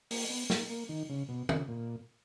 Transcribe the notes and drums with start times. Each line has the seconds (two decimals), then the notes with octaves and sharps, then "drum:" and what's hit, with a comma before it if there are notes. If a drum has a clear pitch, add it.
0.11 A#3, drum: open hi-hat
0.30 B3
0.50 A#3, drum: snare
0.70 A#3
0.89 D#3
1.09 C#3
1.29 B2
1.49 C#3, drum: tom
1.68 A#2